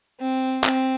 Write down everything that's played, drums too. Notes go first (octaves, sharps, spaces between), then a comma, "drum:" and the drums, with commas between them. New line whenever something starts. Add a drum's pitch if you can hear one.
C4
C4, drum: clap